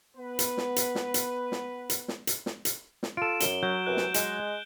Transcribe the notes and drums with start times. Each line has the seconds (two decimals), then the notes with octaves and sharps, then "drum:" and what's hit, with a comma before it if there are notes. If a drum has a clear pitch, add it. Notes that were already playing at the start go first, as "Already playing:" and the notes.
0.17 B3 B4
0.39 drum: hi-hat
0.58 drum: snare
0.76 drum: hi-hat
0.95 drum: snare
1.14 drum: hi-hat
1.52 drum: snare
1.90 drum: hi-hat
2.08 drum: snare
2.27 drum: hi-hat
2.46 drum: snare
2.65 drum: hi-hat
3.03 drum: snare
3.17 F4 A4 D7 E7
3.40 F#2 G7, drum: hi-hat
3.63 F#3 G6
3.86 F#2 C3 E3 F#6
3.97 drum: snare
4.14 G#3, drum: hi-hat